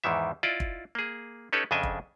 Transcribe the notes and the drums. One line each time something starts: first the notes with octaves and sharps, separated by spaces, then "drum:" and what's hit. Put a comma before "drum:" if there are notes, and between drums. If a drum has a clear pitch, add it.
E2 G#2 D#3 E3 E5
E4 F4 D5 D#5
drum: kick
A#3 G#4
C#4 D#4 G4 A4 B4 C#5
F2 C#3 D4 D#5 E5 G#5
drum: kick